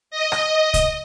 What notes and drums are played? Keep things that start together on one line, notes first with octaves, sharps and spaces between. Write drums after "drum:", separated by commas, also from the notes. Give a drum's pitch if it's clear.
D#5
drum: rim click
drum: kick C2, hi-hat